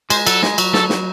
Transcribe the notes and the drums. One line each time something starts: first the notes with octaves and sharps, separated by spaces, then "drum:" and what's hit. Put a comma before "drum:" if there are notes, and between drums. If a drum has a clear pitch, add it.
G#3 C5, drum: cymbal
F#3 A4, drum: cymbal
G#3, drum: snare
F#3, drum: cymbal
A4, drum: snare
drum: snare